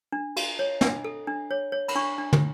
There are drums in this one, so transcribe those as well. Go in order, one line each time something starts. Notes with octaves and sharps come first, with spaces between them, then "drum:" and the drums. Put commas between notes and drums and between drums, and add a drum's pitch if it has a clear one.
D4
F#4, drum: cymbal
C#5
D4, drum: snare
A4
D4
C#5
C#5
B5, drum: cymbal
D4 C#6
D4
drum: tom